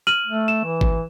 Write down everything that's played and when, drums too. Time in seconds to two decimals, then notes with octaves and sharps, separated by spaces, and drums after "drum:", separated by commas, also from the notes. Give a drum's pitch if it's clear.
0.07 F6 D#7 F#7
0.26 A3
0.48 E7
0.64 E3
0.81 drum: kick G#1